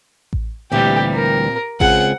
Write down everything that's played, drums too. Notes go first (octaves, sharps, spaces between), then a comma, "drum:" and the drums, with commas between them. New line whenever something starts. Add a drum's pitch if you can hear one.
drum: kick A1
D2 A#2 E3 G3 C4 G4
A#4
C#2 C4 F4 G#4 F#5, drum: kick A1